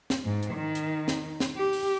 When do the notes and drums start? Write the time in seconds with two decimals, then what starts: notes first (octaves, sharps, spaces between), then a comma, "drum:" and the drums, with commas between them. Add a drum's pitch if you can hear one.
0.10 drum: snare
0.24 G#2
0.43 drum: hi-hat
0.54 D#3
0.75 drum: hi-hat
1.08 drum: snare
1.40 drum: snare
1.57 G4
1.73 drum: open hi-hat